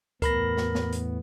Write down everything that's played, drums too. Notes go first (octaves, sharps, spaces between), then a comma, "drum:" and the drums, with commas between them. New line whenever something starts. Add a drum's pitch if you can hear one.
E2 A2 B3 A#4 B5 A#6, drum: kick C#2, hi-hat
drum: snare
drum: snare
drum: hi-hat